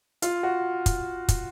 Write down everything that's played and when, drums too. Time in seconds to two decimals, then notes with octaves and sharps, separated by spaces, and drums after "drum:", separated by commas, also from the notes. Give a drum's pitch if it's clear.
0.22 F4, drum: hi-hat
0.43 F#4
0.86 drum: kick, hi-hat
1.28 drum: kick, hi-hat